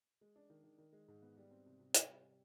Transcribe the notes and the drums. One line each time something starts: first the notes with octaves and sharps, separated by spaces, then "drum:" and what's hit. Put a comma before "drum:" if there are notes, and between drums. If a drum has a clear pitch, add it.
G#3
D4
D#3
D#3
D#3
G#3
G#2
B3
G3
C4
C3
C3
C3, drum: hi-hat
G3